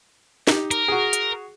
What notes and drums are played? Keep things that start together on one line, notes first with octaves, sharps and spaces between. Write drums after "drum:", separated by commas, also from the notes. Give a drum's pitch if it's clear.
D#4 G4, drum: snare
A#4, drum: hi-hat
F#4 G#4
drum: hi-hat